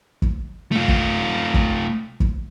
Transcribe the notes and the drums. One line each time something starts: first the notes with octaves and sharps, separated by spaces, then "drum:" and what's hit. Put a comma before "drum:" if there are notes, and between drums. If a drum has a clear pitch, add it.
drum: kick
A3 F4
drum: kick
drum: kick
drum: kick